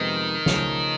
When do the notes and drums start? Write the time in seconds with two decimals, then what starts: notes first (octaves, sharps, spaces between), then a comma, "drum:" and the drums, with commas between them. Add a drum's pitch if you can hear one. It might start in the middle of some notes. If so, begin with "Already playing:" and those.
Already playing: F2 C3 D#3 F3 G#3 B3
0.46 C#3 F3 A3 C#4, drum: snare